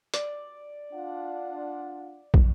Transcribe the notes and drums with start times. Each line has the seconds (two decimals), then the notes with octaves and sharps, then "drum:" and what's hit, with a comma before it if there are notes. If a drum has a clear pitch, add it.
0.14 D5, drum: hi-hat
0.93 D4 F4 F#5
2.34 drum: kick